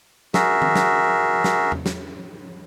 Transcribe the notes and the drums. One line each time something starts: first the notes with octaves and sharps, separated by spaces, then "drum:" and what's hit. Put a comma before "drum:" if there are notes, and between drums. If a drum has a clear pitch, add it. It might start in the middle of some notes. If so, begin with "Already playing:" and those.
F#4 G#4 A#4 E5, drum: snare
drum: tom D#3
drum: snare
drum: snare
drum: tom E2
drum: snare